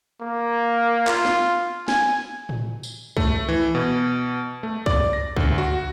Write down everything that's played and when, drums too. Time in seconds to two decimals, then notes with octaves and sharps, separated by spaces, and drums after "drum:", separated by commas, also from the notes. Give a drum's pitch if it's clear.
0.21 A#3
1.07 F4, drum: clap
1.25 drum: snare
1.88 G#5, drum: snare
2.49 drum: tom A2
2.83 drum: tambourine
3.17 A3, drum: kick C2
3.48 E3
3.75 B2
4.63 A3
4.86 D5, drum: kick C2
5.13 A#6
5.36 D2, drum: kick C2
5.58 F#4